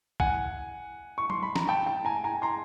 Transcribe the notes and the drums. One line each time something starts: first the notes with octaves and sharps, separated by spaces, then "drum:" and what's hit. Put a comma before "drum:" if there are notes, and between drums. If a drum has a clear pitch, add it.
F#5 G#5, drum: kick B1
C#6
C6, drum: tom F#3
B5
A#5, drum: snare
G5 A5
G5 A5
G#5 A#5
G#5 A#5
A#5 C6